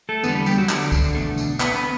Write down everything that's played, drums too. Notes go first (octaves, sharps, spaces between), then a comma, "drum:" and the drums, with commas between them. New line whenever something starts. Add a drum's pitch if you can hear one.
A3 A4
E2 D3 G3 B3 B4, drum: tambourine
B3 B4
G3 G4, drum: tambourine
F#3 F#4
D3 D4, drum: clap
drum: kick, tambourine
E2 B2 A3
drum: tambourine
B3 B4, drum: clap
B3 B4